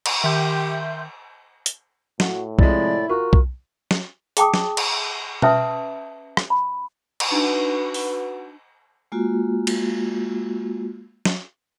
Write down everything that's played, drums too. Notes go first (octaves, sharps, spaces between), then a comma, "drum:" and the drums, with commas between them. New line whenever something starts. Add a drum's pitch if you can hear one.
drum: cymbal
D#3 G4 E5 C6 G6
drum: hi-hat
A2 F#4, drum: snare
C3 F3 G#3 E4 D5, drum: kick B1
F4 F#4 A#4
drum: kick B1
drum: snare
G#4 G5 A5 D6 D#6, drum: hi-hat
drum: snare
drum: cymbal
C#4 B4 E5 A5 D#6, drum: tom B2
drum: rim click
B5
drum: cymbal
D4 D#4 F#4 B4 A5
drum: open hi-hat
G#3 A#3 F4 F#4
drum: cymbal
drum: snare